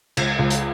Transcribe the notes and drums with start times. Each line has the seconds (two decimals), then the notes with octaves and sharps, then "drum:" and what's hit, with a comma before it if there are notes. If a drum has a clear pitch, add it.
0.17 C#2, drum: cymbal
0.39 C#2
0.50 drum: hi-hat